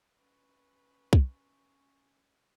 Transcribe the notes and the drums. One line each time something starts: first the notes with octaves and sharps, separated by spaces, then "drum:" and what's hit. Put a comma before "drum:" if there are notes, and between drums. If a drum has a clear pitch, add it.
C#4 B4 C#6
drum: kick